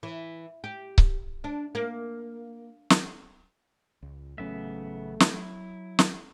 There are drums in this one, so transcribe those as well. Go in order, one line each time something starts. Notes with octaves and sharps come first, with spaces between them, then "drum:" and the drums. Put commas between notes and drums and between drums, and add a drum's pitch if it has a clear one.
E3
G4
drum: kick C#1
D4
A#3
drum: snare
C#2
A1 C#3 F#3 A3 B3 C#4 E5
F#3 E4, drum: snare
drum: snare